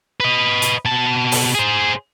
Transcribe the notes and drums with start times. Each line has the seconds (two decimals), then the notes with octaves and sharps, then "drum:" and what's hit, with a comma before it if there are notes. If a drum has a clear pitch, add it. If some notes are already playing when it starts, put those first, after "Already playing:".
0.20 B4 D#5
0.62 drum: hi-hat
0.85 B2 A5
1.32 drum: open hi-hat
1.55 G#4 C5